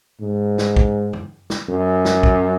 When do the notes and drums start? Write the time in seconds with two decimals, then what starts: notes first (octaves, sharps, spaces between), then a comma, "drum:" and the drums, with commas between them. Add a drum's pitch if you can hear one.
0.21 G#2
0.58 drum: snare
0.76 drum: kick
1.13 drum: tom
1.50 drum: snare
1.69 F#2
2.05 drum: snare
2.23 drum: kick